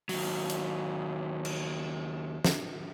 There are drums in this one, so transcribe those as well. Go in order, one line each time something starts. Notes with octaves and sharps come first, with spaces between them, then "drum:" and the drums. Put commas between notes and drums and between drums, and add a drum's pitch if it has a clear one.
D#2 F#3, drum: open hi-hat
drum: hi-hat
drum: cymbal
drum: snare